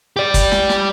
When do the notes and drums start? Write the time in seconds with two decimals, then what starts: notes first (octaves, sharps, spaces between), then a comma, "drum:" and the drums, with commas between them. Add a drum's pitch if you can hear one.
0.16 G4 D5
0.34 drum: kick, hi-hat
0.52 drum: snare
0.69 drum: snare